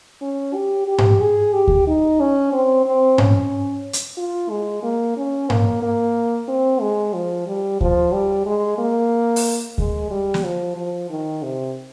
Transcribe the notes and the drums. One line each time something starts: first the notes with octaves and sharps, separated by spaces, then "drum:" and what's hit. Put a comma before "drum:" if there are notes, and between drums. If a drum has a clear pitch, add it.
C#4
G4
G4
drum: tom G#2
G#4
G4
drum: kick D2
D#4
C#4
C4
C4
C#4, drum: tom G#2
drum: hi-hat
F4
G#3
A#3
C#4
A#3, drum: tom G#2
A#3
C4
G#3
F3
G3
F3, drum: kick D2
G3
G#3
A#3
drum: open hi-hat
G#3, drum: kick D2
G3
drum: snare
F3
F3
D#3
C3